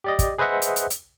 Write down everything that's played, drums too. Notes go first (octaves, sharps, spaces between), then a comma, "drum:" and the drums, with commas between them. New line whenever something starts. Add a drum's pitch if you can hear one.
G4 D5 D#5
drum: kick, hi-hat
G#4 B4 C5 D#5 E5 F#5
drum: hi-hat
drum: hi-hat
drum: hi-hat